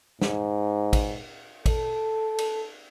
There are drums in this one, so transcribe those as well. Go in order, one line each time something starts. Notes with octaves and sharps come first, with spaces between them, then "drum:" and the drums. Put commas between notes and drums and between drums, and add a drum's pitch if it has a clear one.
G#2, drum: snare
drum: kick, cymbal
A4, drum: kick, cymbal
drum: cymbal